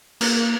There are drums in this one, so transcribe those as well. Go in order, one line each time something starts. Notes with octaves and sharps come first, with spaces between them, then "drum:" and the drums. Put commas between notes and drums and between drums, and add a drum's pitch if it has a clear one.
A#3, drum: cymbal